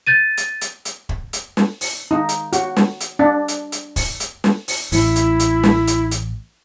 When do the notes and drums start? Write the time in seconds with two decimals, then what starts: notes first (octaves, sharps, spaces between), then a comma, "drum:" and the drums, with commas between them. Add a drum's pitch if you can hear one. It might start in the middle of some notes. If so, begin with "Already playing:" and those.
0.07 G6 A6 D#7
0.37 drum: hi-hat
0.61 drum: hi-hat
0.85 drum: hi-hat
1.09 drum: kick
1.33 drum: hi-hat
1.57 drum: snare
1.81 drum: open hi-hat
2.11 D#4
2.29 drum: hi-hat
2.53 F#4, drum: hi-hat
2.76 drum: snare
3.00 drum: hi-hat
3.19 D4
3.48 drum: hi-hat
3.72 drum: hi-hat
3.96 drum: kick, open hi-hat
4.20 drum: hi-hat
4.44 drum: snare
4.68 drum: open hi-hat
4.92 A1 A2 E4, drum: open hi-hat
5.16 drum: hi-hat
5.40 drum: hi-hat
5.63 drum: snare
5.87 drum: hi-hat
6.11 drum: hi-hat